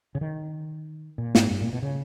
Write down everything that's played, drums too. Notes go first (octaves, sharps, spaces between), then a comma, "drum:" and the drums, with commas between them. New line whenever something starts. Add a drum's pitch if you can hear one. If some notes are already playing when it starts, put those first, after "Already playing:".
C#3
D#3
A#2
G#2, drum: snare
G2
A#2
B2
C#3